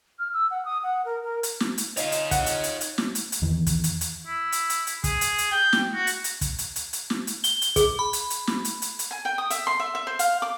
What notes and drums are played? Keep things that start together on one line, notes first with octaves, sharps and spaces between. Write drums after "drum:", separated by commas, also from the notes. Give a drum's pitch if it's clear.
F6
E6
F#5
D#6
F#5
A#4
A#4
drum: hi-hat
drum: snare
drum: hi-hat
D#4 F4 C#5 F5, drum: hi-hat
drum: hi-hat
F#5, drum: kick, hi-hat
drum: hi-hat
drum: hi-hat
drum: hi-hat
drum: snare
drum: hi-hat
drum: hi-hat
E2 D#3 E3
drum: kick, hi-hat
drum: hi-hat
drum: hi-hat
E4
drum: hi-hat
drum: hi-hat
drum: hi-hat
G#4, drum: kick, hi-hat
drum: hi-hat
drum: hi-hat
G5
drum: snare
F#4
drum: hi-hat
drum: hi-hat
drum: kick, hi-hat
drum: hi-hat
drum: hi-hat
drum: hi-hat
drum: snare
drum: hi-hat
G7, drum: hi-hat
drum: hi-hat
G#4, drum: kick, hi-hat
B5
drum: hi-hat
drum: hi-hat
drum: snare
drum: hi-hat
drum: hi-hat
drum: hi-hat
G#5
G5
D#6
E5, drum: hi-hat
C6
E5
E5
C5
F5, drum: hi-hat
D6